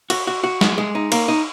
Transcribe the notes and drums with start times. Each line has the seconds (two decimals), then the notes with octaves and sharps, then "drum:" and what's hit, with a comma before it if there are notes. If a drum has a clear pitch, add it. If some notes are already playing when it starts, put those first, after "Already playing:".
0.10 F#4, drum: cymbal
0.27 F#4
0.44 F#4
0.61 G#3, drum: snare
0.78 G#3
0.95 D#4
1.12 A#3, drum: cymbal
1.28 D#4